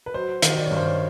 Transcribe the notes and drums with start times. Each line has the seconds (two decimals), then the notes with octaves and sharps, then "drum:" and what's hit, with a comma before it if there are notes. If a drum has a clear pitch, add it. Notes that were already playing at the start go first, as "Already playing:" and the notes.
0.06 B4
0.14 F#3 C5
0.42 D#3, drum: hi-hat
0.57 D5
0.66 G2 C#5
0.77 C5
0.86 C#5